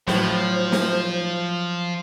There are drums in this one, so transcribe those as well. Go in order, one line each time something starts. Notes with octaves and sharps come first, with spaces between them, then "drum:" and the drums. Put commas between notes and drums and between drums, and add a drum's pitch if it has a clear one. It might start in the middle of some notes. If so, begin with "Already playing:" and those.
A2 F3 F#3 C5, drum: snare
drum: snare